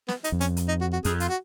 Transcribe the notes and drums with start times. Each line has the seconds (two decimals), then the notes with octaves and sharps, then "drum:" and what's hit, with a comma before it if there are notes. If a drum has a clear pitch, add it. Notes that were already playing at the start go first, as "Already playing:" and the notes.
0.08 B3, drum: snare
0.24 D#4, drum: hi-hat
0.32 F2
0.41 C#4, drum: hi-hat
0.57 drum: hi-hat
0.68 D#4
0.81 F#4
0.93 F#4
1.04 F2 G#4, drum: hi-hat
1.20 F4, drum: hi-hat
1.29 F#4